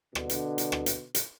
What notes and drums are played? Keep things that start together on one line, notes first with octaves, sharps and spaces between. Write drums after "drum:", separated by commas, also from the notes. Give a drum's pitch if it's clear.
B2 D3, drum: rim click
drum: hi-hat
drum: hi-hat
drum: rim click
drum: hi-hat
drum: hi-hat